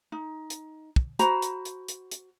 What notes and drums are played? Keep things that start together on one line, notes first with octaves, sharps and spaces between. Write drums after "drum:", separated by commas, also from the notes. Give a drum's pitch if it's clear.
D#4
drum: hi-hat
drum: kick
F#4 C5 A#5 B5, drum: hi-hat
drum: hi-hat
drum: hi-hat
drum: hi-hat
drum: hi-hat